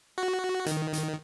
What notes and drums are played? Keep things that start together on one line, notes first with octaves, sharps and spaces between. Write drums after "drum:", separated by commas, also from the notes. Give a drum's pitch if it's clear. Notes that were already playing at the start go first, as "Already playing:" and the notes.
F#4
D#3, drum: hi-hat
drum: hi-hat